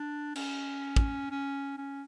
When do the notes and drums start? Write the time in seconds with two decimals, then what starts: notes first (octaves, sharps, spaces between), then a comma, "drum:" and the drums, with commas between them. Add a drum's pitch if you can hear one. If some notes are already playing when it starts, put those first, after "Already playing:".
Already playing: D4
0.35 C#4, drum: cymbal
0.96 drum: kick
1.31 C#4
1.78 C#4